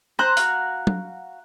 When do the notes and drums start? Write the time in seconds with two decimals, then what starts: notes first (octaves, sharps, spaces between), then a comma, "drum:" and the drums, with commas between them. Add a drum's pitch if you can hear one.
0.19 C5 A#5 F#6
0.37 F#4 F5, drum: hi-hat
0.87 drum: tom